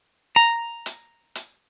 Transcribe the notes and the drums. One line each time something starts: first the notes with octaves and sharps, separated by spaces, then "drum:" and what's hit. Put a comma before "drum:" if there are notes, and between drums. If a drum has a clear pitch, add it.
A#5
drum: hi-hat
drum: hi-hat